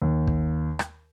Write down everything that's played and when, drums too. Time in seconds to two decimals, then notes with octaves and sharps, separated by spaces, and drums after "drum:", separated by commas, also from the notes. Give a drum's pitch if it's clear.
0.02 D#2
0.27 drum: kick
0.79 drum: rim click